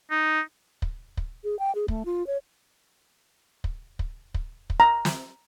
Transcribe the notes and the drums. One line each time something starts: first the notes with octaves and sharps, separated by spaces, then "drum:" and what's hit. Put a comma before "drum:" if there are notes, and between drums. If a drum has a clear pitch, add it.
D#4
drum: kick
drum: kick
G#4
G5
G#4
A3, drum: kick
F4
C#5
drum: kick
drum: kick
drum: kick
drum: kick
A#5
drum: snare